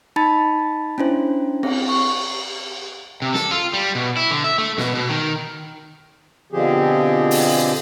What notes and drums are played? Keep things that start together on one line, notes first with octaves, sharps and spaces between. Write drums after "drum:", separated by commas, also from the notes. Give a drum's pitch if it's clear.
D#4 A5 B5 A6
C#4 D4 E4 C5
C4, drum: cymbal
C#6
C3
A4, drum: snare
F4
G3
B2
E4
D3
E5
A3
B2, drum: snare
B2
D#3
B2 D3 F3 C4 G4 G#4
drum: open hi-hat